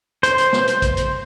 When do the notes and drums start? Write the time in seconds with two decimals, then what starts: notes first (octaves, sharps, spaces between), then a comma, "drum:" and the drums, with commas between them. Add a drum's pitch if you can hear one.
0.23 C5, drum: hi-hat
0.38 drum: hi-hat
0.53 drum: snare B4
0.67 drum: hi-hat
0.82 drum: kick, hi-hat
0.97 drum: hi-hat